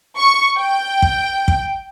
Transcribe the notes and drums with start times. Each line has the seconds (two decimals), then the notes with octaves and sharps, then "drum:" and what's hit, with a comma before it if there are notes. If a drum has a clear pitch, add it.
0.18 C#6
0.60 G5
1.02 drum: kick
1.48 drum: kick